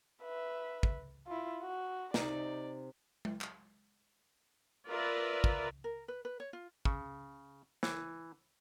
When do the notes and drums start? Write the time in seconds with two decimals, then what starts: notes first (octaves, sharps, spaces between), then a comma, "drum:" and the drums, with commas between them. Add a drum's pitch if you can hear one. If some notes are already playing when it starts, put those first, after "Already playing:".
0.23 B4 E5
0.83 drum: kick
1.27 E4 F4
1.63 F#4
2.14 C3 D#4 D5, drum: snare
3.25 drum: tom G#3
3.41 drum: clap
4.86 F4 A#4 B4 D5 E5
5.44 drum: kick
5.84 A#4
6.08 B4
6.25 B4
6.40 C#5
6.53 F4
6.85 C#3, drum: kick
7.83 E3, drum: snare